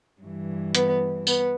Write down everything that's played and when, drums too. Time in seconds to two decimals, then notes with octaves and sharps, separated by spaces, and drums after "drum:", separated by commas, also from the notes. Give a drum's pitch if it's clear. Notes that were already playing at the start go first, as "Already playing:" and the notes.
0.22 G2 E3
0.75 B3, drum: hi-hat
1.27 B3, drum: tambourine